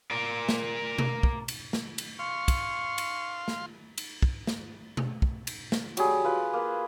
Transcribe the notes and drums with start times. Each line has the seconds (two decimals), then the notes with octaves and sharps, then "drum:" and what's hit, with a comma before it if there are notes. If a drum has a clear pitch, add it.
0.11 A#4 D5
0.49 drum: snare
0.98 drum: tom B2
1.23 drum: kick
1.48 drum: cymbal
1.73 drum: snare
1.98 drum: cymbal
2.19 F5 C6 C#6
2.48 drum: kick, cymbal
2.98 drum: cymbal
3.48 drum: snare
3.98 drum: cymbal
4.22 drum: kick
4.47 drum: snare
4.97 drum: tom B2
5.22 drum: kick
5.47 drum: cymbal
5.72 drum: snare
5.97 F#3 G3 G#4, drum: cymbal
6.24 F4 B4
6.53 A#3 B4